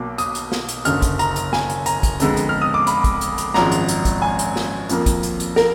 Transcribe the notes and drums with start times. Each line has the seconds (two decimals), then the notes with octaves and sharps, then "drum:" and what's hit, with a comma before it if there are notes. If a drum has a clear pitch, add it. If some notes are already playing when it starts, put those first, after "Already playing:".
Already playing: B1 B2 A#3 D6
0.18 D#6, drum: hi-hat
0.35 drum: hi-hat
0.52 drum: snare
0.69 drum: hi-hat
0.85 F#1 F#2 D3 F6, drum: hi-hat
1.02 drum: kick, hi-hat
1.19 A#5, drum: hi-hat
1.36 drum: hi-hat
1.53 G#5, drum: snare
1.70 drum: hi-hat
1.86 A#5, drum: hi-hat
2.03 drum: kick, hi-hat
2.20 F2 D3 G#3 B3, drum: hi-hat
2.37 drum: hi-hat
2.49 F6
2.62 D#6
2.74 D6
2.87 B5, drum: hi-hat
3.04 drum: kick, hi-hat
3.21 drum: hi-hat
3.38 drum: hi-hat
3.54 G#1 F#2 F3 G#3 A#5, drum: snare
3.72 drum: hi-hat
3.88 drum: hi-hat
4.05 drum: kick, hi-hat
4.22 G#5
4.39 drum: hi-hat
4.56 drum: snare
4.89 F2 F3 A#3, drum: hi-hat
5.06 drum: kick, hi-hat
5.23 drum: hi-hat
5.40 drum: hi-hat
5.56 A#4, drum: snare